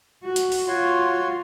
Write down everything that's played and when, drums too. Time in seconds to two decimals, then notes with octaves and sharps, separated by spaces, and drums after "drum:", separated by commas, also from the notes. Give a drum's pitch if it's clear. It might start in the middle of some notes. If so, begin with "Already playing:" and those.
0.24 F#4
0.36 drum: hi-hat
0.52 drum: open hi-hat
0.68 F4 F#4 C#5 C6